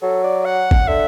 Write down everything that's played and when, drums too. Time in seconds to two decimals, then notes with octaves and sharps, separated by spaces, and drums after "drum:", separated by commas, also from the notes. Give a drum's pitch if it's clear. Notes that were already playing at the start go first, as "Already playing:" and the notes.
0.02 F#3 A4
0.24 D5
0.45 F#5
0.71 drum: kick
0.88 D3 E5